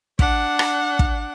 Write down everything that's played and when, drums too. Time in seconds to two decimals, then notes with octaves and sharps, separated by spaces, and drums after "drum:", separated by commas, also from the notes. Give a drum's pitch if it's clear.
0.19 D4 F#5, drum: kick
0.59 drum: rim click
0.99 drum: kick